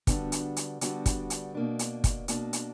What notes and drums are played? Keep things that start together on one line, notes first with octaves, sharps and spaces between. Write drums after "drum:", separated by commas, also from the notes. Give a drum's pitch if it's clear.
D3 G3 B3 D4 F#4, drum: kick, hi-hat
drum: hi-hat
drum: hi-hat
D3 G3 B3 D4 F#4, drum: hi-hat
drum: kick, hi-hat
drum: hi-hat
B2 A#3 D4
drum: hi-hat
drum: kick, hi-hat
B2 A#3 D4, drum: hi-hat
drum: hi-hat